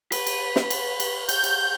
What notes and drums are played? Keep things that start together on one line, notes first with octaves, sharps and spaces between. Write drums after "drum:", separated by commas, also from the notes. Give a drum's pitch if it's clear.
B4, drum: cymbal
drum: cymbal
drum: snare
drum: cymbal
drum: cymbal
G6, drum: cymbal
drum: cymbal